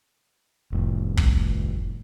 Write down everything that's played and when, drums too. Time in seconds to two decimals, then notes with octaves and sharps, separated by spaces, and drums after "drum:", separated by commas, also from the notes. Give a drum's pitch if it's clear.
0.72 F1 A2
1.17 drum: kick